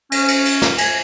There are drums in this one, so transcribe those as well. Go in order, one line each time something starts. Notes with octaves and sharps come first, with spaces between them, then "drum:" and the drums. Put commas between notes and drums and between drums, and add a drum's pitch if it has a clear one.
C#4, drum: cymbal
drum: cymbal
drum: cymbal
drum: snare
G#5, drum: cymbal